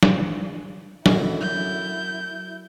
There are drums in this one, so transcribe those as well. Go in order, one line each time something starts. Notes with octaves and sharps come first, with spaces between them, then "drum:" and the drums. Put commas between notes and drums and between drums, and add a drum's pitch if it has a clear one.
drum: snare
F#2 B2 D3 E4, drum: snare
F#2 G6